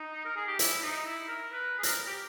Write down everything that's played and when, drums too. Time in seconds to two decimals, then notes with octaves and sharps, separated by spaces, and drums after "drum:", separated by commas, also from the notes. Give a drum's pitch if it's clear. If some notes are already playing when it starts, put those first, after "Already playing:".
Already playing: D#4
0.25 A#4
0.37 G#4
0.47 G4
0.59 E4, drum: hi-hat
0.82 D#4
1.06 E4
1.29 A#4
1.52 B4
1.79 G#4
1.83 A#4, drum: hi-hat
2.07 G4